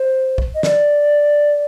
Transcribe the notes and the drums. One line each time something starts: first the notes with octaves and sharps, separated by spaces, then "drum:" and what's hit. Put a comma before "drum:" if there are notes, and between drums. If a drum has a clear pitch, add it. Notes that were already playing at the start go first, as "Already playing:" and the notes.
Already playing: C5
drum: kick
D#5
D5, drum: snare